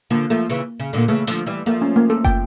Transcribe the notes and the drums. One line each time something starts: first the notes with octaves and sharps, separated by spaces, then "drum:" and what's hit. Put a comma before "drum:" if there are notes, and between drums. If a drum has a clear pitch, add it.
D3 F3 A#3
F3 A3 A#3
C#3 E3
C#3
A#2 D3 A#3
C#3 E3 A3
D3 F3, drum: hi-hat
E3 G3
F3 A3 A#3
C#4
A#3
A4
G5, drum: kick